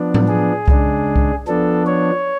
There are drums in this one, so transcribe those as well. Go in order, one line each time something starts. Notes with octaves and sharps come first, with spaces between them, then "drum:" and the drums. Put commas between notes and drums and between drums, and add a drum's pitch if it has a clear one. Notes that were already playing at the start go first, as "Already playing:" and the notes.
Already playing: F3 B3 D4
drum: tom A2
G#4
C#3 G#3 D4, drum: kick C2
drum: kick C2
F3 B3 D4 A4
C#5